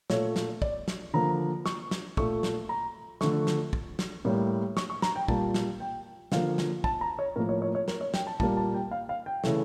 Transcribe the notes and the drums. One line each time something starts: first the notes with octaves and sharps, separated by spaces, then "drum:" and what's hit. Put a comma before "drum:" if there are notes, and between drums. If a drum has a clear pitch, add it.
A#2 A3 C#5, drum: snare
drum: snare
D5, drum: kick
drum: snare
D3 F3 A#3 A#5
C#6, drum: snare
drum: snare
A#2 A3 C#6, drum: kick
drum: snare
A#5
D3 F3 A3 C#6, drum: snare
drum: snare
drum: kick
drum: snare
A2 G3 A#3
C#6, drum: snare
C#6
A#5, drum: snare
G5
A#2 G3 A#3 A5, drum: kick
drum: snare
G5
D3 F3 A#3 F5, drum: snare
drum: snare
A5, drum: kick
A#5
C#5
A2 F3 A#3 A#4
C#5
C#5
C#5
A#4, drum: snare
C#5
G5, drum: snare
A5
A#2 G3 A#3 A5, drum: kick
A5
G5
F5
F5
G5
C#3 E3 A3, drum: snare